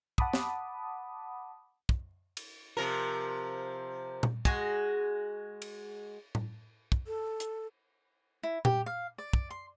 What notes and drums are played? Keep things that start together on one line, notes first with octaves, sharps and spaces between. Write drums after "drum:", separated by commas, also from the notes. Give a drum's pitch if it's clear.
F#5 A5 B5 D6 D#6, drum: kick
drum: snare
drum: kick
drum: cymbal
C3 F3 A#4
drum: tom A#2
G#3 F#4, drum: kick
drum: cymbal
drum: tom A2
drum: kick
A4
drum: hi-hat
E4
G4, drum: tom A#2
F5
D5
drum: kick
C6